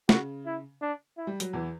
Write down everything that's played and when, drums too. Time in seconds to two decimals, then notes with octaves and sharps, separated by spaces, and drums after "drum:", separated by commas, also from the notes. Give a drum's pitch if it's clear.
0.09 C#3 F#4, drum: snare
0.46 E4
0.82 D4
1.18 E4
1.27 G3
1.40 F#3, drum: hi-hat
1.53 E2 E3